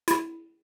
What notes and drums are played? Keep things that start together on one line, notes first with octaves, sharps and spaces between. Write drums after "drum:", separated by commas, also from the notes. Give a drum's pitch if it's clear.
E4, drum: hi-hat